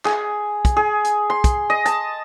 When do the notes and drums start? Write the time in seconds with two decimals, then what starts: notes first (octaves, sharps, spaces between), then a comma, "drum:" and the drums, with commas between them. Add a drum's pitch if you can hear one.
0.05 G#4, drum: clap
0.65 drum: kick, hi-hat
0.77 G#4
1.04 drum: hi-hat
1.30 C6
1.44 drum: kick, hi-hat
1.70 D#5
1.85 A5, drum: hi-hat